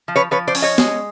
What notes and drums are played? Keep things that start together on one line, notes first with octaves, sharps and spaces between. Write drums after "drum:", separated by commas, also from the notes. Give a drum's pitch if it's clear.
F3
B4 C#5
F3 B4 C#5
C5 D5
C#4, drum: open hi-hat
C#5 D#5
G#3, drum: snare